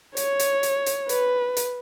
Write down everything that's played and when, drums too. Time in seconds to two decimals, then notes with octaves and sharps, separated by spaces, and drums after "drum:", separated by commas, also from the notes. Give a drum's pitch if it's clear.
0.17 C#5, drum: hi-hat
0.39 drum: hi-hat
0.63 drum: hi-hat
0.86 drum: hi-hat
1.09 B4, drum: hi-hat
1.57 drum: hi-hat